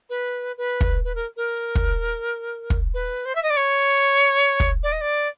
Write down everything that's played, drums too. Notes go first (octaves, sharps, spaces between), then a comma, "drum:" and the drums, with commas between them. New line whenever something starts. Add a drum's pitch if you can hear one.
B4
B4
drum: kick
B4
A#4
A#4
drum: kick
drum: kick
B4
C5
E5
D#5
D5
C#5
drum: kick
D5
D#5
D5